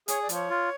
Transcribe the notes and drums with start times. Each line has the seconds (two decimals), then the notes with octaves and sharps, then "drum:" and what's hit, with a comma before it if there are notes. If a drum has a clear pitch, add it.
0.08 G#4 C#5, drum: hi-hat
0.22 D5
0.29 F3, drum: hi-hat
0.34 C#5
0.50 F4